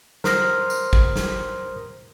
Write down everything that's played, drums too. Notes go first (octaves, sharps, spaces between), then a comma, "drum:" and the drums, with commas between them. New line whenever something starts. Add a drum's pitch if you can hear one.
A#4 C5 C6 D#6 F6 A#6, drum: snare
drum: tambourine
drum: kick
drum: snare